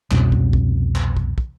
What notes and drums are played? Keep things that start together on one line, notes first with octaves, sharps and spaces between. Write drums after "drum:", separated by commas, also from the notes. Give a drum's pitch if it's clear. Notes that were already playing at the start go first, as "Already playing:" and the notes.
C2 F2 B2 C#4, drum: clap
drum: kick
drum: kick
drum: clap
drum: kick
drum: kick